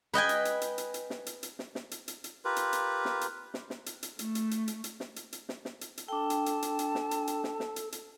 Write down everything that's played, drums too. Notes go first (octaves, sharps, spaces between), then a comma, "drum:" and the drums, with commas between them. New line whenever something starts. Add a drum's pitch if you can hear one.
B4 D#5 G5 G#5
drum: hi-hat
drum: hi-hat
drum: hi-hat
drum: hi-hat
drum: hi-hat
drum: snare
drum: hi-hat
drum: hi-hat
drum: snare
drum: snare
drum: hi-hat
drum: hi-hat
drum: hi-hat
F4 G4 A#4 B4
drum: hi-hat
drum: hi-hat
drum: snare
drum: hi-hat
drum: snare
drum: snare
drum: hi-hat
drum: hi-hat
A3, drum: hi-hat
drum: hi-hat
drum: hi-hat
drum: hi-hat
drum: hi-hat
drum: snare
drum: hi-hat
drum: hi-hat
drum: snare
drum: snare
drum: hi-hat
drum: hi-hat
D4 A4 G5 A5
drum: hi-hat
drum: hi-hat
drum: hi-hat
drum: hi-hat
drum: snare
drum: hi-hat
drum: hi-hat
drum: snare
drum: snare
drum: hi-hat
drum: hi-hat